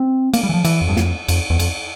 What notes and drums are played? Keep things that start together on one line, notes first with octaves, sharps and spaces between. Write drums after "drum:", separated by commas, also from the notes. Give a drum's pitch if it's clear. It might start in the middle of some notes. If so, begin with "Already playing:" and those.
Already playing: C4
A#3, drum: cymbal
G3
E3
F3
E3, drum: cymbal
F2
G2
F2, drum: snare
F2, drum: cymbal
E2
F2, drum: cymbal